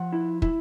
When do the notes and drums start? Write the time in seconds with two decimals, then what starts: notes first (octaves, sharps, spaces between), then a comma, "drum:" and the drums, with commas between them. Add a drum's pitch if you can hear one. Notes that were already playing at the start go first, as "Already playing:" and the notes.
Already playing: F3 F#5
0.13 E4
0.42 E4, drum: kick